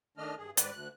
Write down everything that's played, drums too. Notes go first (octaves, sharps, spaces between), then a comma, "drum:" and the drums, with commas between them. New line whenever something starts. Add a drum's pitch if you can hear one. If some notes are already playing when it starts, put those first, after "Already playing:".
D#3 A3 D4 D#5 F6
G2 G#4
G#2 D#3 B4 D5, drum: hi-hat
D2 F#6